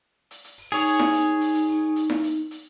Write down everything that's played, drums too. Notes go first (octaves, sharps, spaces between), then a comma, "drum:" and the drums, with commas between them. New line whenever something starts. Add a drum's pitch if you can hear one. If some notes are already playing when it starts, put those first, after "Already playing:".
drum: hi-hat
drum: hi-hat
drum: open hi-hat
D#4 G#4 C#5, drum: hi-hat
drum: hi-hat
drum: snare E4
drum: hi-hat
drum: hi-hat
drum: hi-hat
drum: open hi-hat
drum: hi-hat
drum: snare E4
drum: hi-hat
drum: hi-hat